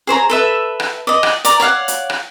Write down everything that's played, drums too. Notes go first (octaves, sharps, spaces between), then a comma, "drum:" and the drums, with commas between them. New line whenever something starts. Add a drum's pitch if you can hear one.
G#4 C5 C#5 A#5
A4 B4 E5
drum: rim click
D5 D#5
drum: rim click
D5 A#5 D6, drum: hi-hat
C#5 D5 F5 F#5
drum: hi-hat
drum: rim click